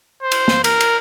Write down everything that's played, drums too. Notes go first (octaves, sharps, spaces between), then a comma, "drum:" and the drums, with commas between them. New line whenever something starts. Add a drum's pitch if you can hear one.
C5
drum: cymbal
drum: snare A#3
A#4, drum: cymbal
drum: cymbal